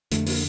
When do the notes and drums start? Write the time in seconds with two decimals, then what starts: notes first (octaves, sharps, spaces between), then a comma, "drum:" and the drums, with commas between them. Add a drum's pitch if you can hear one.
0.12 F2 D3 A3, drum: hi-hat
0.27 A#3, drum: open hi-hat